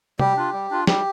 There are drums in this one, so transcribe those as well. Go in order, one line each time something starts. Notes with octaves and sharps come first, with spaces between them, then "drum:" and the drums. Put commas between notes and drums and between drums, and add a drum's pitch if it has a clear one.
G3 G4, drum: tom C3
D4 F4
G3
D4 F4
G3 G4, drum: snare